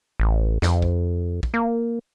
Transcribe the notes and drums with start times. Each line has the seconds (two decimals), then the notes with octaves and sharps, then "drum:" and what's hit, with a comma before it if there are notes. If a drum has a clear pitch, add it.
0.20 A1
0.62 F2, drum: snare
0.82 drum: kick
1.43 drum: kick
1.54 A#3